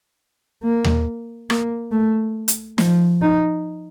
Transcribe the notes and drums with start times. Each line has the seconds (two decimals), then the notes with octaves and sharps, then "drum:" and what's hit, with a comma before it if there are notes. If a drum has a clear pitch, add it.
0.63 A#3
0.84 drum: tom D#2
1.50 A#3, drum: rim click
1.92 A3
2.48 drum: hi-hat
2.78 F3, drum: snare
3.21 D#4